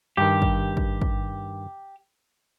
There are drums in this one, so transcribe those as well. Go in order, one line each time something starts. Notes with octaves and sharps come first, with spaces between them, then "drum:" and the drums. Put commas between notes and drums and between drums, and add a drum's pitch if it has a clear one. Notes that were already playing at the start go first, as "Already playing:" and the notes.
G2 D#3 G4
drum: kick
drum: kick
drum: kick